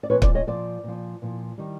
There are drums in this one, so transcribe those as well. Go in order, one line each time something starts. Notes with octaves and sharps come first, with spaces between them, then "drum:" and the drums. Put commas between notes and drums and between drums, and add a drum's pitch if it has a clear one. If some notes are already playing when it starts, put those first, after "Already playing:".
D5
A#2 F3 B4 C#5
C5 D5, drum: kick
C#5 D#5
A#2 F3 C5 D5
A#2 F3
A#2 F3
D#3 G3